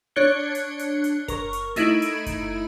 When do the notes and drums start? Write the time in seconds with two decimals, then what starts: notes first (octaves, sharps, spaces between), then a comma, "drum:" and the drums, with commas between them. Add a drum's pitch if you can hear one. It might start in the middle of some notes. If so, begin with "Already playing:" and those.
0.16 D4 C#5 F#6 G#6 C#7 G7
0.55 drum: hi-hat
0.79 drum: hi-hat
1.04 drum: hi-hat
1.28 A#4 C#6, drum: kick F#1, hi-hat
1.53 drum: hi-hat
1.76 A3 D#4 E4 G#6 D7 F#7, drum: hi-hat
2.02 drum: hi-hat
2.26 drum: kick F#1, hi-hat